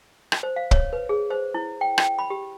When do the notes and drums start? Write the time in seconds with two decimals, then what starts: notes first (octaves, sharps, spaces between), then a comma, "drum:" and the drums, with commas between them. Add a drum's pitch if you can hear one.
0.32 drum: rim click
0.43 C5
0.56 F5
0.71 C#5, drum: kick
0.93 B4
1.09 G#4
1.30 C5
1.54 E4
1.81 G5
1.98 G5, drum: rim click
2.19 B5
2.30 G4